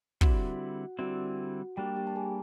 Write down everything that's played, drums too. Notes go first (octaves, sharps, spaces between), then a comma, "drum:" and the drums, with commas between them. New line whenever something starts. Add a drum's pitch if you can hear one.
D3 G3 C4 E4 F#4 F#5, drum: kick
D3 G3 C4 E4 F#4 F#5
G3 A#3 D4 G4 G5
G4 G5
A5
G#4 G#5